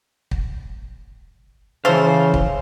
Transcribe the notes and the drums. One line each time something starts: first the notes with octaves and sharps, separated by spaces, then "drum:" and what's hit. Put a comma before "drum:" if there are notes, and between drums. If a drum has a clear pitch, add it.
drum: kick
C#3 E3 A4 C5 F5
drum: kick